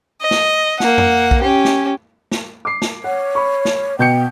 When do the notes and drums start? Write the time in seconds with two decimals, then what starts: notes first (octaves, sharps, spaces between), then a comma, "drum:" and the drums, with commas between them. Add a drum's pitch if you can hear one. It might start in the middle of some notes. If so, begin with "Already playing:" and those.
0.21 D#5
0.31 drum: snare
0.80 A#3 F#5, drum: snare
0.98 drum: tom F2
1.31 drum: kick B1
1.42 C#4 G4
1.65 drum: snare
2.32 drum: snare
2.65 D6 C7
2.82 drum: snare
3.04 C#5 F#5
3.35 B5 C#6
3.65 drum: snare
3.99 B2 G5 G6 C#7